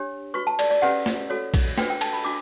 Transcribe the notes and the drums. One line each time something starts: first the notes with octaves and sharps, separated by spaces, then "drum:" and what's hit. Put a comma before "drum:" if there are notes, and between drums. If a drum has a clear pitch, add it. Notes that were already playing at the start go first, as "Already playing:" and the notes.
Already playing: D4 G4 C#5
F#4 B4 C#6
A5
D5, drum: cymbal
D5
C#4 G4 B4 F#5
drum: snare
F#4 A4 C#5
drum: kick A#1, cymbal
D4 F#4 B4 G5, drum: snare
G5
A5, drum: cymbal
B5
D4 F#4 D6